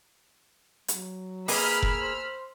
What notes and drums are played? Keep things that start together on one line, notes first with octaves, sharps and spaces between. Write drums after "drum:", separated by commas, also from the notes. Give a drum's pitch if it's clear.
F#3, drum: hi-hat
A#3 G#4 B4 B5 E6 F6, drum: open hi-hat
drum: kick F1
C5